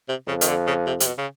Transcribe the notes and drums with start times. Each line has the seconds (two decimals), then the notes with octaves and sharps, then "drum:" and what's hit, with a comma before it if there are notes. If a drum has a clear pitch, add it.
0.09 C3
0.28 F2 C#3
0.41 D#3, drum: hi-hat
0.48 D3
0.67 C#3
0.87 C3
1.00 C3, drum: hi-hat
1.06 B2
1.18 C#3